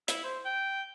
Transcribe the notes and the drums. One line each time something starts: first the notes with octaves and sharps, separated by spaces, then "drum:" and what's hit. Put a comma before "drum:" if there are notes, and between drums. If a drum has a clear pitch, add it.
E4, drum: hi-hat
C5
G5